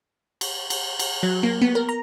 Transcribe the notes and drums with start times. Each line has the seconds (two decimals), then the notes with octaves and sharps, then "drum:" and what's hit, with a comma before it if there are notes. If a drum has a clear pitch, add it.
0.41 drum: cymbal
0.70 drum: cymbal
0.99 drum: cymbal
1.23 F#3
1.43 A#3
1.61 B3
1.75 A#4
1.89 A#5